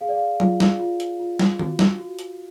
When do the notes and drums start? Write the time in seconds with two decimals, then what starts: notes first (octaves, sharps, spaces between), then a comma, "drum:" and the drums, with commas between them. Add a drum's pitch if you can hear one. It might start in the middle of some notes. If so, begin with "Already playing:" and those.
0.01 G#4 F5
0.09 D5
0.15 F5
0.40 F4, drum: tom F#3
0.60 drum: snare
0.80 F4
1.00 drum: hi-hat
1.20 F4
1.39 drum: snare
1.59 F#4, drum: tom D#3
1.79 drum: snare
1.99 F#4
2.19 drum: hi-hat